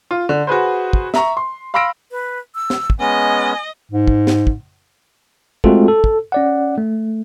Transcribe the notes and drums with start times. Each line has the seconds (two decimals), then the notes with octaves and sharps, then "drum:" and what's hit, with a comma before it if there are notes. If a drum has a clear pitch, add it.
0.11 F4
0.29 D3
0.47 F#4 G#4 B4 C5
0.93 drum: kick
1.14 E5 A#5 C#6, drum: snare
1.37 C6
1.74 F5 B5 C6 E6 A#6 D7
2.11 B4
2.55 E6
2.70 drum: snare
2.90 drum: kick
3.00 G#3 B3 C#4 D#5 G#5
3.92 G#2
4.08 drum: kick
4.27 drum: snare
4.47 drum: kick
5.64 G#3 A3 C4 F4 F#4 A4, drum: kick
5.88 A4
6.04 drum: kick
6.32 C#4 D5 F#5
6.78 A3